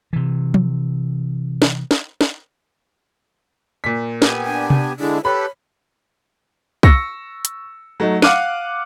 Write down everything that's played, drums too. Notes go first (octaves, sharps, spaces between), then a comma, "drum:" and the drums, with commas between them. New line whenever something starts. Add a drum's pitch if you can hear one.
C3 E3
drum: tom F3
drum: snare
drum: snare
drum: snare
A#2 B6
B3 G4 G#5, drum: snare
D4
drum: tom C3
D3 G#3 D4 E4
G4 A4 B4 C#5 B5
C#6 E6 A#6 C#7, drum: kick
drum: hi-hat
F#3 A3 D#4
F5 F#5 D6 F6 F#6 D#7, drum: snare